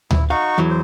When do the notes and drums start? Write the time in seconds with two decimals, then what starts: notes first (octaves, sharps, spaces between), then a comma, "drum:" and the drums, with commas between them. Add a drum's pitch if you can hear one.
0.11 E4, drum: tom D2
0.30 D#4 F#4 F5 C#6
0.58 E2 E3 F#3
0.70 C5